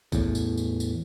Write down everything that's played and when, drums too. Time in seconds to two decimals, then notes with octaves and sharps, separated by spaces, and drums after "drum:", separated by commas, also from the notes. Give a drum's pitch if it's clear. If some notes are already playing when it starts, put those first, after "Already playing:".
0.12 E2 A2, drum: kick A#1, tambourine
0.35 drum: tambourine
0.58 drum: tambourine
0.80 drum: tambourine